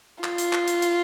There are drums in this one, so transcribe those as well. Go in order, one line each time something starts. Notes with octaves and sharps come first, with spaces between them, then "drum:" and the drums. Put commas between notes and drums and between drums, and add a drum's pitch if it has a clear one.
F4, drum: clap
drum: hi-hat
drum: clap
drum: hi-hat
drum: hi-hat